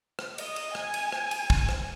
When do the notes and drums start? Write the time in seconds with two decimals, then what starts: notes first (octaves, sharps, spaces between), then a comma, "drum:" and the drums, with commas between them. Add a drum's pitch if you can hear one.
0.19 drum: rim click
0.38 D#5, drum: cymbal
0.56 drum: cymbal
0.75 G#5, drum: rim click
0.94 drum: cymbal
1.12 drum: rim click
1.31 drum: cymbal
1.50 drum: kick
1.69 drum: rim click